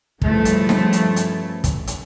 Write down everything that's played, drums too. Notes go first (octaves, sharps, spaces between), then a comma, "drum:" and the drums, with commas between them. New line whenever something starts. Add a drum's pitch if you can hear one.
G2 C#3 F3 A3 E4, drum: kick
drum: hi-hat
drum: snare
drum: hi-hat
drum: hi-hat
drum: kick, hi-hat
drum: hi-hat